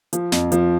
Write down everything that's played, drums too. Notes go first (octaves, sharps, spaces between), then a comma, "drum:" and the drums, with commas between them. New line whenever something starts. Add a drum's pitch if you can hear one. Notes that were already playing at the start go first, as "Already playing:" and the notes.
F3, drum: hi-hat
F2, drum: snare
F3, drum: hi-hat